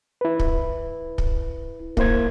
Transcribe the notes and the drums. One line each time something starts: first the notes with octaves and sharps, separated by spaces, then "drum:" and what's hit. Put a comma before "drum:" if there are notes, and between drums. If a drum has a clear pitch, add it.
E4 B4
drum: kick
drum: kick
A#3 E4 C5 G#6, drum: kick